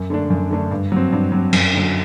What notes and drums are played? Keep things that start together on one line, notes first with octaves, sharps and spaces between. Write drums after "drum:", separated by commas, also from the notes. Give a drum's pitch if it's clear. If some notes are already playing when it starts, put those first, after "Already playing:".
Already playing: F#2
D3 A3 D4
F#2
D3 A3 D4
G2
F#3 C4
G2
F#3 C4
F#2, drum: cymbal
D3 F#3